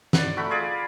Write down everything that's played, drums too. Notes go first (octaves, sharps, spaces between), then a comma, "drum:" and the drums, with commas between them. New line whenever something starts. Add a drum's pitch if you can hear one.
D5 F#5, drum: snare
A3 F#4 A#5 B5
F4 G#4 D5